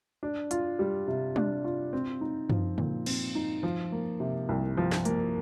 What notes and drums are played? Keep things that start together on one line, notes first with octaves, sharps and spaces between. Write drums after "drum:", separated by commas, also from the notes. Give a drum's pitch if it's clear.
D4
F4, drum: hi-hat
G3
C3
D4, drum: tom G3
F4
C4
D#4
F3, drum: tom F#2
A#2, drum: tom C#3
C4, drum: cymbal
D#4
F3
A#3
C3
C2
F3
drum: snare
A#3, drum: hi-hat